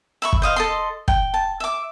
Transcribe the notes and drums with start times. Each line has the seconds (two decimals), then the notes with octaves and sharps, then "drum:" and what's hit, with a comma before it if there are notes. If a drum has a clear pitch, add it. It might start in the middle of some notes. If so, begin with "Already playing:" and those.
0.22 E5 B5 C#6
0.33 drum: kick
0.42 C5 D#5 F5
0.56 A4 D#5 C6
1.08 G5, drum: kick
1.34 A5
1.60 E5 D6